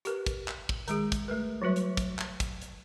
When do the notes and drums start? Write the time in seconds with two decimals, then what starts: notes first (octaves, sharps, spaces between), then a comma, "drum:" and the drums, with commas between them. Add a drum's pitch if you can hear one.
0.05 G4 A#4 B4, drum: hi-hat
0.26 drum: kick, hi-hat
0.48 drum: clap
0.69 drum: kick
0.88 D#3 G#3 G#4, drum: hi-hat
1.12 drum: kick, hi-hat
1.28 A3 A#4 B4
1.62 F#3 G3 F#4 B4 E5
1.76 drum: hi-hat
1.97 drum: kick, hi-hat
2.19 drum: clap
2.40 drum: kick, hi-hat
2.61 drum: hi-hat